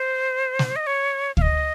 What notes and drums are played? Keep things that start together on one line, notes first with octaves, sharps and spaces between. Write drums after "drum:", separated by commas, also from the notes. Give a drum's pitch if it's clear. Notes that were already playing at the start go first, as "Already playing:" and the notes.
Already playing: C5
drum: snare
D#5
C#5
F5, drum: kick
D#5